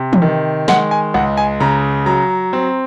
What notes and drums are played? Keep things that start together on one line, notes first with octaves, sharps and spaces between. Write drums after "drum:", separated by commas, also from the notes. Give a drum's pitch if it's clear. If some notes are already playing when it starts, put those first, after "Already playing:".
Already playing: C3
drum: tom E3
D#3
G#3 F#5, drum: snare
G#5
C#2 F#5
G#5
C#3 A#5
F#3 A#5
C4